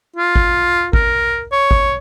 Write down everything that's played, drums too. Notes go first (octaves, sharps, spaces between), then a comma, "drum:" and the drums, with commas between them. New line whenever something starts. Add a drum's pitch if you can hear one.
F4
drum: kick G#1
A#4, drum: kick G#1
C#5
drum: kick G#1